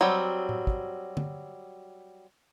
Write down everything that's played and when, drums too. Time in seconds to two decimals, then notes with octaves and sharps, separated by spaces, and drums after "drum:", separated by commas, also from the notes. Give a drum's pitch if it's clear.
0.01 F#3 G3 C4
0.49 drum: tom A2
0.67 drum: kick
1.17 drum: tom D3